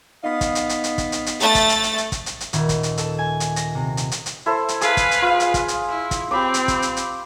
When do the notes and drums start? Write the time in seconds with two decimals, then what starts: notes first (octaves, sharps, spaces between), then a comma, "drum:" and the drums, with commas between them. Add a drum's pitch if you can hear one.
0.24 B3 D#4 F5
0.41 drum: kick, hi-hat
0.55 drum: hi-hat
0.69 drum: hi-hat
0.84 drum: hi-hat
0.98 drum: kick, hi-hat
1.12 drum: hi-hat
1.26 drum: hi-hat
1.40 A3 A6, drum: hi-hat
1.55 drum: kick, hi-hat
1.69 drum: hi-hat
1.83 drum: hi-hat
1.98 drum: hi-hat
2.12 drum: kick, hi-hat
2.26 drum: hi-hat
2.40 drum: hi-hat
2.53 D#1, drum: hi-hat
2.69 drum: kick, hi-hat
2.83 drum: hi-hat
2.97 A4, drum: hi-hat
3.18 G#5
3.40 drum: hi-hat
3.56 A#6, drum: hi-hat
3.75 C3
3.97 drum: hi-hat
4.12 drum: hi-hat
4.26 drum: hi-hat
4.46 E4 A4 C5
4.69 drum: hi-hat
4.81 G#4 B4 F5, drum: hi-hat
4.97 drum: kick, hi-hat
5.11 drum: hi-hat
5.22 F4
5.40 drum: hi-hat
5.54 drum: kick, hi-hat
5.68 drum: hi-hat
5.89 E4
6.11 drum: kick, hi-hat
6.31 C4 G4 B5 D6
6.54 drum: hi-hat
6.68 drum: kick, hi-hat
6.82 drum: hi-hat
6.97 drum: hi-hat